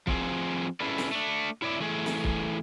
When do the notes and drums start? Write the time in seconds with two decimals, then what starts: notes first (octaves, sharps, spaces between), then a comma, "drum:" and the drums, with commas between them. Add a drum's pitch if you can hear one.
0.07 F3 C4 G#4, drum: kick
0.80 C#4 E4 G#4 A4 B4 D5
0.98 drum: snare
1.12 A3 D4
1.62 E4 C#5 D5 E5
1.80 E3 A3 G#4
2.06 drum: snare
2.24 drum: kick